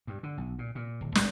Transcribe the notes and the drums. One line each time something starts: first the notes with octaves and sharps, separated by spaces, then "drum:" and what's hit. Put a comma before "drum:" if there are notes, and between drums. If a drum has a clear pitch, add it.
G2
D3
B1
A#2
A#2
D1
G#1, drum: snare